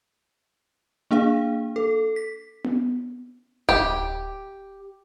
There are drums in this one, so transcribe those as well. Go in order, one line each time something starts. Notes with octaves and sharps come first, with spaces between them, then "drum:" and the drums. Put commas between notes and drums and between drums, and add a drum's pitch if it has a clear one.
A#3 D4 G#4 F5
A4
B6
drum: tom B3
G4, drum: kick D1